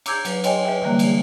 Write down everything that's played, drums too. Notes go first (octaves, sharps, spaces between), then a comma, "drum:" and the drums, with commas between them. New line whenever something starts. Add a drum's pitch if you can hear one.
A#5 D6 E6 G6 G#6, drum: cymbal
F#3 B4, drum: cymbal
C#5 D#5 G5 G#5 C6, drum: cymbal
B4 E5 G5
D3 E3 G3 A#3 F#6
drum: cymbal